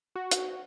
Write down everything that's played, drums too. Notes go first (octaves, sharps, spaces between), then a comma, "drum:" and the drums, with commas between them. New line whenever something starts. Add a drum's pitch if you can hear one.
F#4
drum: hi-hat